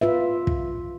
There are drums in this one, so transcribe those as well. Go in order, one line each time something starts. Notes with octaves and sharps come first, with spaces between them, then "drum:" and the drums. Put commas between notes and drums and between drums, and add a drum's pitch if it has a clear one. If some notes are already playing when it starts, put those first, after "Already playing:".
F4 B4 E5
drum: kick